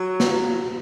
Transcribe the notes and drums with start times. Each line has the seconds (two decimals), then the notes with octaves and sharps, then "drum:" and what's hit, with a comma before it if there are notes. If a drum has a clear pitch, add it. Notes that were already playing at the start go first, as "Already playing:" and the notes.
Already playing: F#3
0.20 drum: snare